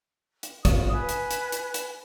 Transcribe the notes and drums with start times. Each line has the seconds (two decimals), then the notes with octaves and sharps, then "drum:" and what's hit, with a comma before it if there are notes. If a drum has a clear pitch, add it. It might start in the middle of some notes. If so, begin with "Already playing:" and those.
0.43 drum: hi-hat
0.65 F5 D#6, drum: kick, hi-hat
0.93 B4 G#5
1.09 drum: hi-hat
1.31 drum: hi-hat
1.52 drum: hi-hat
1.74 drum: hi-hat